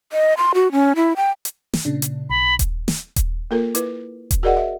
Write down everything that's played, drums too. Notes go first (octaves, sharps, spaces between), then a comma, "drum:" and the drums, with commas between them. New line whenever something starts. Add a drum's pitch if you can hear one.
D#5
C6
F#4
C#4
E4
G5
drum: hi-hat
drum: snare
A#2 C#3 D4
drum: hi-hat
B1 B5
drum: kick D#1, hi-hat
drum: snare
drum: kick D#1, hi-hat
A#3 F4 A4 A#4
E4 B4, drum: hi-hat
drum: kick D#1, hi-hat
F#4 G#4 A#4 D5 D#5 F#5
E5